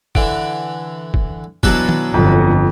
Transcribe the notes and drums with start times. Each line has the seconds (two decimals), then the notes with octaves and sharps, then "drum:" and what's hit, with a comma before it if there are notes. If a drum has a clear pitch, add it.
0.15 D3 E3 D7, drum: kick
1.14 drum: kick
1.63 B2 E3 F#3 D4 A4 B4, drum: kick
1.89 drum: tom D#3
2.14 G1 F2